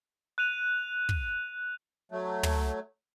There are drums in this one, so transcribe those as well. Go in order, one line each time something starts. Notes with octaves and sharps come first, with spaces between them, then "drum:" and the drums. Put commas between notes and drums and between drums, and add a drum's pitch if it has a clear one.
F#6 D#7 F7
drum: kick
F#3 A3
drum: tom